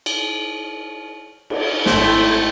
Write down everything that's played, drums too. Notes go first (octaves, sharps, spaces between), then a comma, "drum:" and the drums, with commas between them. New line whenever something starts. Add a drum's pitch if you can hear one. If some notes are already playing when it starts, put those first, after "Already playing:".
drum: cymbal
drum: cymbal
G#1 A3 E4 C5 G5, drum: snare